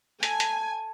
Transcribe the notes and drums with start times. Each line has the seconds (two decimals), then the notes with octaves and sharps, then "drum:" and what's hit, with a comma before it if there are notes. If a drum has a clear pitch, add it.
0.23 A4 G#5, drum: hi-hat
0.40 drum: hi-hat